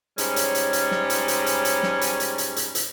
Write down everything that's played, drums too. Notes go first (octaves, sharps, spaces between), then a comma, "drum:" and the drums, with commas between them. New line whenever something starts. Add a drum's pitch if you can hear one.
G#2 G3 G#3 C#4, drum: hi-hat
drum: hi-hat
drum: hi-hat
drum: hi-hat
drum: snare
drum: hi-hat
drum: hi-hat
drum: hi-hat
drum: hi-hat
drum: snare
drum: hi-hat
drum: hi-hat
drum: hi-hat
drum: hi-hat
drum: hi-hat